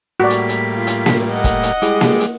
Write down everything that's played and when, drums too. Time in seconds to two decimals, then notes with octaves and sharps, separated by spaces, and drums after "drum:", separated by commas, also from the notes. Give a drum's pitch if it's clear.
0.20 A2 G3 A#3 F#4 D5 B6
0.30 drum: hi-hat
0.49 drum: hi-hat
0.76 F4
0.87 drum: hi-hat
1.06 drum: snare A#3
1.33 D#5 F#5
1.44 drum: kick, hi-hat
1.63 drum: hi-hat
1.82 G3 G#3 E4 G#4 D6, drum: hi-hat
2.01 drum: snare A#3
2.20 drum: hi-hat